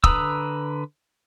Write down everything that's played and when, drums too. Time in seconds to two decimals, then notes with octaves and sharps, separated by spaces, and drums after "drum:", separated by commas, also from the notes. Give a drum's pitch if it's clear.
0.04 D3 B4 A#5 D#6 E6, drum: kick